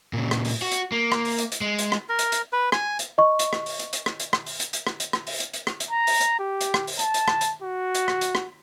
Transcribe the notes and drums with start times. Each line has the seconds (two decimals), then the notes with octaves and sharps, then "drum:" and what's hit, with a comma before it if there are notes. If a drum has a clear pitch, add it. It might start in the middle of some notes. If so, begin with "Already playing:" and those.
0.13 A#2 C#3
0.31 drum: rim click
0.45 drum: open hi-hat
0.62 F#4
0.71 drum: hi-hat
0.92 A#3
1.12 drum: rim click
1.25 drum: open hi-hat
1.38 drum: hi-hat
1.52 drum: hi-hat
1.61 G#3
1.79 drum: hi-hat
1.92 drum: rim click
2.09 A#4
2.19 drum: hi-hat
2.32 drum: hi-hat
2.53 B4
2.72 G#5, drum: rim click
2.99 drum: hi-hat
3.18 D#5 C#6
3.39 drum: hi-hat
3.53 drum: rim click
3.66 drum: open hi-hat
3.79 drum: hi-hat
3.93 drum: hi-hat
4.06 drum: rim click
4.20 drum: hi-hat
4.33 drum: rim click
4.46 drum: open hi-hat
4.60 drum: hi-hat
4.73 drum: hi-hat
4.87 drum: rim click
5.00 drum: hi-hat
5.13 drum: rim click
5.27 drum: open hi-hat
5.40 drum: hi-hat
5.54 drum: hi-hat
5.67 drum: rim click
5.80 drum: hi-hat
5.91 A#5
6.07 drum: open hi-hat
6.20 drum: hi-hat
6.39 G4
6.61 drum: hi-hat
6.74 drum: rim click
6.87 drum: open hi-hat
6.99 A5, drum: hi-hat
7.14 drum: hi-hat
7.28 drum: rim click
7.41 drum: hi-hat
7.62 F#4
7.95 drum: hi-hat
8.08 drum: rim click
8.21 drum: hi-hat
8.35 drum: rim click